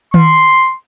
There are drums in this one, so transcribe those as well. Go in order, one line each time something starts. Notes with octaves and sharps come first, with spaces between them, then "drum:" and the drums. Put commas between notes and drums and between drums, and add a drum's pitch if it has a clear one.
C6, drum: tom D#3